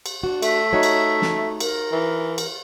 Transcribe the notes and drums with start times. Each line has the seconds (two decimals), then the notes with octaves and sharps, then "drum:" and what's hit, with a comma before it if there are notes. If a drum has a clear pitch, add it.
0.06 drum: cymbal
0.24 D4 F#4
0.43 A3 E5, drum: cymbal
0.73 D#4 F#4 C#5
0.83 drum: cymbal
1.22 drum: snare
1.60 A#4, drum: cymbal
1.92 E3
2.38 drum: cymbal